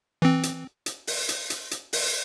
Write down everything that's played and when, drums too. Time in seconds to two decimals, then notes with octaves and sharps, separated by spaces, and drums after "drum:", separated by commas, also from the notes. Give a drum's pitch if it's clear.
0.22 E3 C4
0.43 drum: hi-hat
0.86 drum: hi-hat
1.07 drum: open hi-hat
1.29 drum: hi-hat
1.50 drum: hi-hat
1.71 drum: hi-hat
1.93 drum: open hi-hat